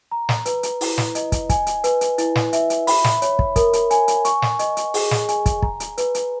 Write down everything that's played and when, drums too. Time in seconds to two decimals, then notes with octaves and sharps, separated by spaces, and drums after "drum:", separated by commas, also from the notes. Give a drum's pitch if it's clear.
0.11 A#5
0.29 drum: snare
0.46 B4, drum: hi-hat
0.63 drum: hi-hat
0.81 E4, drum: open hi-hat
0.98 drum: snare
1.15 D#5, drum: hi-hat
1.32 drum: kick, hi-hat
1.49 G#5, drum: kick, hi-hat
1.67 drum: hi-hat
1.84 B4, drum: hi-hat
2.01 drum: hi-hat
2.18 E4, drum: hi-hat
2.35 drum: snare
2.53 E5, drum: hi-hat
2.70 drum: hi-hat
2.87 B5, drum: open hi-hat
3.04 drum: snare
3.22 C#5, drum: hi-hat
3.39 drum: kick
3.56 A#4, drum: kick, hi-hat
3.73 drum: hi-hat
3.91 G#5, drum: hi-hat
4.08 drum: hi-hat
4.25 C#6, drum: hi-hat
4.42 drum: snare
4.59 D#5, drum: hi-hat
4.77 drum: hi-hat
4.94 G#4, drum: open hi-hat
5.11 drum: snare
5.28 G#5, drum: hi-hat
5.46 drum: kick, hi-hat
5.62 A#5, drum: kick
5.80 drum: hi-hat
5.98 B4, drum: hi-hat
6.15 drum: hi-hat